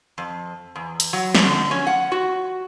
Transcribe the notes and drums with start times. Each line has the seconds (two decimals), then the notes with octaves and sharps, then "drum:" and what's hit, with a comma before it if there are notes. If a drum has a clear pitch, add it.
0.18 F2
0.76 E2
1.00 drum: hi-hat
1.13 F#3
1.35 drum: snare
1.46 D3
1.71 C#4
1.87 F#5
2.12 F#4